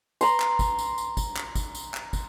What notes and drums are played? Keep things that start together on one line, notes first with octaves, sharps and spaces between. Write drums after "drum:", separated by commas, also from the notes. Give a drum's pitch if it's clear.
A#5 C6, drum: tambourine
drum: clap
drum: kick, tambourine
drum: tambourine
drum: tambourine
drum: kick, tambourine
drum: clap
drum: kick, tambourine
drum: tambourine
drum: clap
drum: kick, tambourine